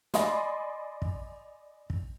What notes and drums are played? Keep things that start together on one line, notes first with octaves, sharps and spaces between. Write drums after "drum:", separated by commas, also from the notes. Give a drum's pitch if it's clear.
D5 D#5 G#5 B5 C6, drum: snare
drum: kick
drum: kick